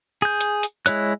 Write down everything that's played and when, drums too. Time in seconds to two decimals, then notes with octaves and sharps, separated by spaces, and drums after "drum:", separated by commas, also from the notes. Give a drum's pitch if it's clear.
0.22 G#4 G6
0.41 drum: hi-hat
0.63 drum: hi-hat
0.86 G#3 E4 C#5 F#6, drum: hi-hat